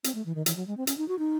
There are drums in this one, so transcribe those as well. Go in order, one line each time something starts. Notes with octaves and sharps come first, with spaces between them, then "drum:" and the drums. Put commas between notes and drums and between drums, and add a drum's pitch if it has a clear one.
C4, drum: hi-hat
A3
E3
D#3
E3, drum: hi-hat
F#3
G#3
C4
C#4, drum: hi-hat
D#4
F#4
D#4